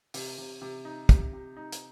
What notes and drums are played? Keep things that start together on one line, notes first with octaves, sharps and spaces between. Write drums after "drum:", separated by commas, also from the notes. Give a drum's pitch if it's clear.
C3, drum: open hi-hat
C3
C3
D#4
C3, drum: kick, hi-hat
C3
D#4
drum: hi-hat